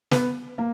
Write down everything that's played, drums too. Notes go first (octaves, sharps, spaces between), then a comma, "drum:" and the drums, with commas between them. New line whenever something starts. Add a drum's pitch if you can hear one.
B3 B4, drum: snare
A#3